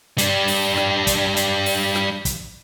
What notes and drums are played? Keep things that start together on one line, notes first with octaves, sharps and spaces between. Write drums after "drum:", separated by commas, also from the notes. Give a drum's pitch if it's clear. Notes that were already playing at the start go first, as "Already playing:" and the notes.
G3 D4, drum: hi-hat
drum: open hi-hat
drum: snare
drum: kick, hi-hat
drum: hi-hat
drum: open hi-hat
drum: snare
drum: kick, hi-hat